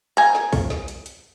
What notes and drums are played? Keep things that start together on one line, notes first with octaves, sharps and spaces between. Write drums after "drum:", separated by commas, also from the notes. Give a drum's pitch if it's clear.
G#5 A#5, drum: hi-hat
drum: snare
drum: kick, open hi-hat
drum: snare
drum: hi-hat
drum: hi-hat